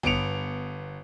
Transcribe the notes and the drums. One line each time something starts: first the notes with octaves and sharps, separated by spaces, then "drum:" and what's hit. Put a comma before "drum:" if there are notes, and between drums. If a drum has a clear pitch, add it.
G1 B3 C#7 D7 F7, drum: kick